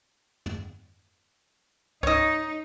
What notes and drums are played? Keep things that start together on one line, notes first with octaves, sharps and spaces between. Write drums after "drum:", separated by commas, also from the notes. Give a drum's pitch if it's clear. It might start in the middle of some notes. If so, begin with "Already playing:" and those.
drum: tom
D#4 C#5 D#5, drum: kick C2